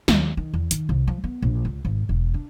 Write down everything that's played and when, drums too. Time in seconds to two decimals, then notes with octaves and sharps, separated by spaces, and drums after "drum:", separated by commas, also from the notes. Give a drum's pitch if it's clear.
0.08 D#2, drum: snare
0.37 D#3
0.53 E2
0.71 D#3, drum: hi-hat
0.89 C2
1.07 F3
1.24 B3
1.42 A#1
1.65 C#2
1.85 G#1
2.09 E1
2.34 D4